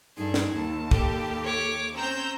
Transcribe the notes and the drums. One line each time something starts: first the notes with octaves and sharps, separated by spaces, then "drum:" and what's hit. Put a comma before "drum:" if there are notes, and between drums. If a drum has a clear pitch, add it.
G2 D#4 G#4 A4
drum: snare
D#2 A5
G4 A4, drum: kick
C#5 D6
C4 C#4 A#5 E6 G6